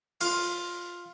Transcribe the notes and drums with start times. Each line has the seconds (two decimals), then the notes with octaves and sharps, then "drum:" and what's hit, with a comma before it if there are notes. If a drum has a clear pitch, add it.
0.21 F4 F5, drum: open hi-hat